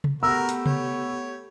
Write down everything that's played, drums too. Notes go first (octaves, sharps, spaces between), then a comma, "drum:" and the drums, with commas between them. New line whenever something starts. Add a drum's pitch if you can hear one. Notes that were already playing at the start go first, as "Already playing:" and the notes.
drum: tom C3
A3 B3 F#4 G4 A#4 E6
drum: hi-hat
C#5, drum: tom C3